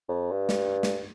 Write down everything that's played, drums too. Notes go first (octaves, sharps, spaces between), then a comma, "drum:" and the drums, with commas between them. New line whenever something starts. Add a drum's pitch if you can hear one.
F2
G2
drum: snare
drum: snare